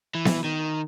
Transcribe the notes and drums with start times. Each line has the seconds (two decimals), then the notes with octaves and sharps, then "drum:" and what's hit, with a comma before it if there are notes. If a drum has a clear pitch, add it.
0.15 E3
0.25 drum: snare B3
0.44 D#3